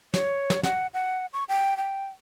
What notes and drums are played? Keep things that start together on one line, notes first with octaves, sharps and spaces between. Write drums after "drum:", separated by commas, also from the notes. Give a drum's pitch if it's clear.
C#5, drum: snare
drum: snare
F#5, drum: snare
F#5
C#6
G5
G5